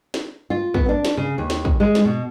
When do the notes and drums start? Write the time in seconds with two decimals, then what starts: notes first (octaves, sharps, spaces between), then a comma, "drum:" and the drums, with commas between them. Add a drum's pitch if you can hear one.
0.14 drum: snare
0.50 F4
0.74 B3, drum: kick
0.89 D4
1.05 drum: snare
1.17 C#3
1.38 D#2
1.50 drum: snare
1.65 drum: kick
1.80 G#3
1.95 drum: snare
2.05 B2